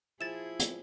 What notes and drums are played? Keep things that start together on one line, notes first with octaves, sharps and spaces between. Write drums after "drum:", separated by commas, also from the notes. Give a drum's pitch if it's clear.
F3 E4 G#4 A6 E7
drum: hi-hat